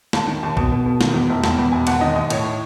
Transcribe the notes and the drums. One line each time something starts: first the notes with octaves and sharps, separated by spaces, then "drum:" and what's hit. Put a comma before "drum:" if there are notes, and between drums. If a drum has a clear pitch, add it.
D#2 A5, drum: snare
D#3
D#2
B2, drum: kick A#1
B2
B2
D#3, drum: snare
E2
E1
E2 A5, drum: snare
E2 B5
E1 G#5
D#2 F#5, drum: cymbal
D#3 D#5
D#2 D#5
A2 C#5, drum: cymbal